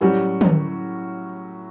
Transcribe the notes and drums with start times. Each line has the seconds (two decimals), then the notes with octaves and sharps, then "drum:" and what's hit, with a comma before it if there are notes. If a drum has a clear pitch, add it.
0.01 A2 F#3 G3 C#4 F#4
0.41 drum: tom